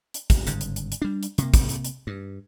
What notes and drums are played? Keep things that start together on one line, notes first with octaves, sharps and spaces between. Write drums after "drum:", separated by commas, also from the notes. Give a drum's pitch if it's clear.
drum: hi-hat
drum: kick, hi-hat
G1 G#2 C#3, drum: hi-hat
drum: hi-hat
drum: hi-hat
drum: hi-hat
G3 D4
drum: hi-hat
C3 A#3, drum: hi-hat
drum: kick, hi-hat
drum: hi-hat
drum: hi-hat
G2